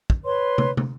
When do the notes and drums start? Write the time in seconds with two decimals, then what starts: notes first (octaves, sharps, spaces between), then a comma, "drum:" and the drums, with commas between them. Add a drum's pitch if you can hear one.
0.10 drum: kick
0.25 B4 C#5 C6
0.58 drum: tom
0.77 drum: tom